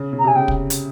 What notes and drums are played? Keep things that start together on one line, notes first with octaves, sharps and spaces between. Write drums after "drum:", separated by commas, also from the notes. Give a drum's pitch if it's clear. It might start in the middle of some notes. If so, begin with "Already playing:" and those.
Already playing: C#3
C#3
A#5
C3 G#5
C#3 G5
drum: kick
drum: hi-hat